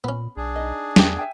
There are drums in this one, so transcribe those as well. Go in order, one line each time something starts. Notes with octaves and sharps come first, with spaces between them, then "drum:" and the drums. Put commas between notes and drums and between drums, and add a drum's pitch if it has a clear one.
A#2 B3 C#4 B5
B1 D4 G#4
D#4 D#5
E2 G4 A5, drum: snare
E5 G5 G#5